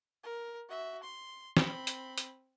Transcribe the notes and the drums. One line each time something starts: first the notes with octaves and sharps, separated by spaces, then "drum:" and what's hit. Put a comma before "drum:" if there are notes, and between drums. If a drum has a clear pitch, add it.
A#4
F#4 E5
C6
C4 B5, drum: snare
drum: hi-hat
drum: hi-hat